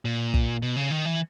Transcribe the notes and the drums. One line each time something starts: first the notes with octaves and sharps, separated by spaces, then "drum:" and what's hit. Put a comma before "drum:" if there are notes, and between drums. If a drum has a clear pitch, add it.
A#2
drum: kick
B2
C#3
D#3
E3